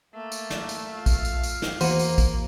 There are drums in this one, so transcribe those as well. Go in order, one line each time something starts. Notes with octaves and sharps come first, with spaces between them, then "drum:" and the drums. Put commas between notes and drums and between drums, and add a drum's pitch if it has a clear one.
A3 A#3
drum: tambourine
drum: snare
drum: tambourine
F4 E5 F5
drum: kick A#1, tambourine
drum: tambourine
drum: tambourine
drum: snare
E2 E3 A#3 F#4 C5 D#7, drum: tambourine
drum: tambourine
drum: kick A#1, tambourine